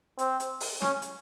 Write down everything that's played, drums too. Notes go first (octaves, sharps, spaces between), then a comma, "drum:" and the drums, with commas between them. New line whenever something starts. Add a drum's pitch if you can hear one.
C4, drum: hi-hat
drum: hi-hat
drum: open hi-hat
C#4, drum: snare
drum: hi-hat